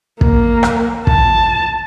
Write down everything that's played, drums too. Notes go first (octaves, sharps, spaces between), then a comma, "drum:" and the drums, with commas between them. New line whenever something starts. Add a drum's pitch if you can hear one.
A#3, drum: kick
drum: rim click
A5, drum: kick